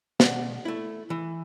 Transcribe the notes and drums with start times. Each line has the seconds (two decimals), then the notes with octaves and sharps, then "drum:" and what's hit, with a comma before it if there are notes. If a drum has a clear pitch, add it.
0.20 B2 D5 F#5, drum: snare
0.65 A3 E4
1.10 E3